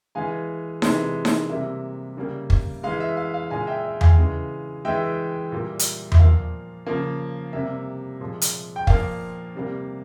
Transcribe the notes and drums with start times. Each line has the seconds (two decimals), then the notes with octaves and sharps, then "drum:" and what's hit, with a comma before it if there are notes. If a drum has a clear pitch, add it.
0.15 E3 G#3 F5 G#5
0.82 C3 E3 G#3, drum: snare D#4
1.25 drum: snare D#4
1.49 C3 G3 A#3 E5
2.17 C#3 G3 A#3
2.50 drum: kick
2.83 E3 G#3 F5
3.00 E5
3.17 F5
3.34 F5
3.50 A#2 G#3 F5 G#5
3.67 E5 G5
3.84 E5
4.01 F5 G#5, drum: tom E2
4.18 C#3 E3 G#3
4.85 E3 G#3 E5 G5
5.52 A#2 G3 A#3
5.79 drum: hi-hat
6.12 E5, drum: tom E2
6.19 A#2 F3 A#3 F5
6.87 C#3 F3 A#3
7.53 C3 G3 A#3 E5
8.21 A#2 F3 G#3
8.41 drum: hi-hat
8.76 G5
8.87 A#2 F3 A#3 F5, drum: kick
9.55 C3 G3 A#3